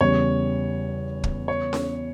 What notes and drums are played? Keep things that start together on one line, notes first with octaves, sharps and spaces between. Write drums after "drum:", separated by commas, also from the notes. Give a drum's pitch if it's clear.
E2 C#3 G3 C#5
drum: kick
C#5
drum: snare C#4